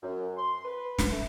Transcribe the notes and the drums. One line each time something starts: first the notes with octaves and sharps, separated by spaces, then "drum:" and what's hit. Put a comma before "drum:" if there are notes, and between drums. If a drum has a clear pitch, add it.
F#2
C6
B4
drum: snare
A3